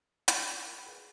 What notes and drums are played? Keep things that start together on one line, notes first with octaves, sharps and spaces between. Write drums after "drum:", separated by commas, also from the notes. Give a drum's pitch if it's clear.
drum: hi-hat
F#4 A#4
G#4 B4